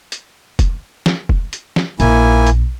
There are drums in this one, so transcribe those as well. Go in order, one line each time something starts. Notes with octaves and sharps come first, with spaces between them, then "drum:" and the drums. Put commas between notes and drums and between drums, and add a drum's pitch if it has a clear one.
drum: hi-hat
drum: kick, hi-hat
drum: snare
drum: kick
drum: hi-hat
drum: snare
A#1 A#3 E4 G#5, drum: hi-hat
drum: hi-hat